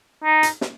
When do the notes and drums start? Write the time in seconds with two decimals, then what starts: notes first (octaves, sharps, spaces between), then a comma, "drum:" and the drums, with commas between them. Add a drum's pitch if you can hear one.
0.24 D#4
0.43 drum: hi-hat
0.61 drum: snare